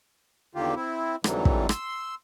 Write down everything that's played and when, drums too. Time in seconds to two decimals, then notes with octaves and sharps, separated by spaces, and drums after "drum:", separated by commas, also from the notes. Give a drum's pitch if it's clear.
0.55 E2 D3 D#3 A#3 F4 G4
0.76 C4 E4
1.24 F2 G#2 D3 E3 F#3 G3, drum: rim click
1.45 drum: kick
1.69 C6 E6, drum: rim click